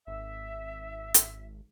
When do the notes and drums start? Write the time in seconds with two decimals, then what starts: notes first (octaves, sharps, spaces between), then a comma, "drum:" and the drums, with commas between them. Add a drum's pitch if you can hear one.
0.07 G#1 E5
1.14 drum: hi-hat